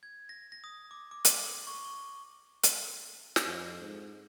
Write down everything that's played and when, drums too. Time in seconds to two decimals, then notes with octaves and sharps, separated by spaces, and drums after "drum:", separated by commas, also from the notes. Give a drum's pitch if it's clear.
0.03 G#6
0.29 A#6
0.52 A#6
0.64 D#6
0.91 D6
1.11 D6
1.25 D6, drum: hi-hat
1.47 F#7
1.67 C#6
1.85 G7
2.63 drum: hi-hat
3.36 drum: snare
3.46 F2
3.81 G#2